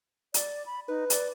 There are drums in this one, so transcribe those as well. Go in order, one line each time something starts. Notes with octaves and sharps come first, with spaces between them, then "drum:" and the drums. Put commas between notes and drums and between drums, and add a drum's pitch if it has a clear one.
D5, drum: hi-hat
B5
D#4 B4
D5, drum: hi-hat